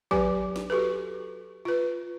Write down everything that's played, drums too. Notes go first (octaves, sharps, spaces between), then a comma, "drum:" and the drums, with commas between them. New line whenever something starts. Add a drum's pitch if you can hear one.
F#3 G4 B4 G#5, drum: kick
drum: snare
F#4 G4 A4 B4
F4 B4